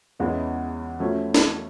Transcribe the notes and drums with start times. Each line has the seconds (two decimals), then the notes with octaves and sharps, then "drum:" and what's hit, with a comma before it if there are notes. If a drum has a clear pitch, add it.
0.19 E2 C#3 E3 G#3 C#4
1.00 F3 A3 C#4 F#4
1.35 drum: snare